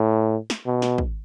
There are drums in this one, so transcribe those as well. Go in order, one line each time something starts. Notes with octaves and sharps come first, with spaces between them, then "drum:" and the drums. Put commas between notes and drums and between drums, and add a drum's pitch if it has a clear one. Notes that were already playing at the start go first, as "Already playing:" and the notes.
Already playing: A2
drum: snare
B2
drum: snare
drum: kick